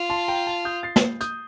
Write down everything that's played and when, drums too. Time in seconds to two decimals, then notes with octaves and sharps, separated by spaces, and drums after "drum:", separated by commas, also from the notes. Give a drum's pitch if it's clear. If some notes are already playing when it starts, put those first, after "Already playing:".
Already playing: F4
0.10 A5 C6
0.28 G5 A#5
0.47 A5
0.65 D#6 G6
0.83 A6 C7
0.96 drum: snare
1.21 D#6 G6, drum: hi-hat